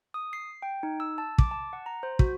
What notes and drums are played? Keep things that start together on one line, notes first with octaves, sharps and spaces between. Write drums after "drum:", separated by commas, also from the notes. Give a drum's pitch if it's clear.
D#6
C7
G5
D#4
E6
A5
D6, drum: kick
A5
F#5
A#5
C5
F#4, drum: kick